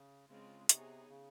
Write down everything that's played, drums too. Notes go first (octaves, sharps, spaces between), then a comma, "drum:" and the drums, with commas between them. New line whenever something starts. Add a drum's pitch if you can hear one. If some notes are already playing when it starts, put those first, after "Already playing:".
Already playing: C#3
C#3 G#3 C4 F4
C3 B3 D#4 G#4 C#5, drum: hi-hat
C#3